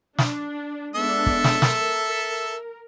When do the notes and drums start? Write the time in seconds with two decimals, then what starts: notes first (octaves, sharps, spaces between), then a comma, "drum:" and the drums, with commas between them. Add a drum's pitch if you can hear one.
0.18 D4, drum: snare
0.95 G#3 B3 D4 A4 E5
1.26 drum: kick
1.44 drum: snare
1.62 A#4, drum: snare